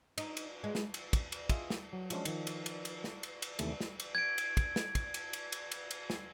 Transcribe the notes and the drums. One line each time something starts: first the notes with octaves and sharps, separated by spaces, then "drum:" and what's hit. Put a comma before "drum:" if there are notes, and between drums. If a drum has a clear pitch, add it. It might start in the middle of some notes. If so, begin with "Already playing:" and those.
D#4, drum: cymbal
drum: cymbal
G#3
drum: snare
drum: cymbal
drum: kick, cymbal
drum: cymbal
F4 G#4 D#5 E5, drum: kick, cymbal
drum: snare
F#3
F3 F#3 G#3 C#4 D4 F4, drum: cymbal
D#3 F3, drum: cymbal
drum: cymbal
drum: cymbal
drum: cymbal
drum: snare
drum: cymbal
drum: cymbal
D#2 C3 E3 A3, drum: cymbal
drum: snare
drum: cymbal
G#6 D7
drum: cymbal
drum: kick, cymbal
drum: snare
drum: kick, cymbal
drum: cymbal
drum: cymbal
drum: cymbal
drum: cymbal
drum: cymbal
drum: snare